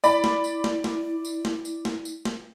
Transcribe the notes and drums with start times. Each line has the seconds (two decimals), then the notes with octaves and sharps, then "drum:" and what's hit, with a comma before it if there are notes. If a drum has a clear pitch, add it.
0.04 E4 D5 B5, drum: tambourine
0.24 drum: snare
0.44 drum: tambourine
0.64 drum: snare
0.84 drum: snare
1.25 drum: tambourine
1.45 drum: snare
1.65 drum: tambourine
1.85 drum: snare
2.05 drum: tambourine
2.25 drum: snare